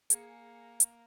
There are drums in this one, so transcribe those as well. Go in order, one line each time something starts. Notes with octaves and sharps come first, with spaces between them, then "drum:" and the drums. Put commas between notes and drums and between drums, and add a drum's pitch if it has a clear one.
A#3 G#4 G#5 C#7, drum: hi-hat
drum: hi-hat